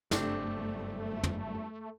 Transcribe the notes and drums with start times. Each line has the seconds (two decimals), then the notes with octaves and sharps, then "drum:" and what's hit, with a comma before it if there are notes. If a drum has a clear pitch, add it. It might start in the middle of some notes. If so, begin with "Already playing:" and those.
0.11 F#1 G2 G3 A3 C4 D4, drum: snare
1.23 drum: tom